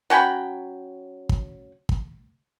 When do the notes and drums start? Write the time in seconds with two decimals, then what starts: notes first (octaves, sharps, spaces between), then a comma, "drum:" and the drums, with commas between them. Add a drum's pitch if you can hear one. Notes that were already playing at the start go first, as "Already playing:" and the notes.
0.10 F#3 C#4 G5 B5
1.29 drum: kick
1.89 drum: kick